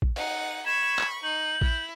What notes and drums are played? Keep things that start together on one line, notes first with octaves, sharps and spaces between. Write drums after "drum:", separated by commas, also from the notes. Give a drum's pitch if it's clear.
drum: kick A#1
D#4 F#5, drum: cymbal
B5 C#6 G#6 E7
drum: clap
D#4 G6 F#7
E4, drum: kick A#1